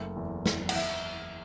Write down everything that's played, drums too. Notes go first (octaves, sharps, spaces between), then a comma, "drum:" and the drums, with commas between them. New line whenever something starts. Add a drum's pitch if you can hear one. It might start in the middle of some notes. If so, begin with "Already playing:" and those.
Already playing: F#1 A3
E2
E2, drum: snare
F#5, drum: cymbal
E5